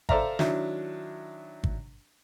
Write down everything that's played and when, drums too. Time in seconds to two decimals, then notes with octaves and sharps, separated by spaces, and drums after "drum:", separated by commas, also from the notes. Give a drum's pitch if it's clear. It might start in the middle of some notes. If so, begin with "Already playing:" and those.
0.09 A4 C5 D5 E5 F5 A#5, drum: kick
0.39 D#3 F#3 D4 E4, drum: snare
1.64 drum: kick